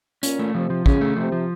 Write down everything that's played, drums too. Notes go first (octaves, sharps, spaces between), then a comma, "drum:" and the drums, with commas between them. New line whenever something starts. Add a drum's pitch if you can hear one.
A#2 C#4, drum: hi-hat
A3
C3 F3
F3
C#3 C#4, drum: kick
A3
C3 F3
F3